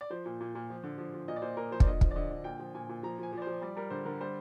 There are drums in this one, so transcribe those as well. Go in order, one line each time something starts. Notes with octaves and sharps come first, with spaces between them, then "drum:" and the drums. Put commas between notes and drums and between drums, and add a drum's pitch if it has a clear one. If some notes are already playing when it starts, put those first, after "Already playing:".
D5
F3 C5
A#2
A#2
A#2
F3
D3
F3
F3
A#2 D#5
D5
A#2 C5
A#2 A#4
F3 C5
D5, drum: kick
D3 D#5
F3, drum: kick
D5
D3 D#5
D3
A#2 G5
F3
A#2 G#5
A#2
F3 A#5
F3 G#5
F3 D5
C5
F3
G3 D5
G3 A#4
D3 C5
D3 A#4
G3 C5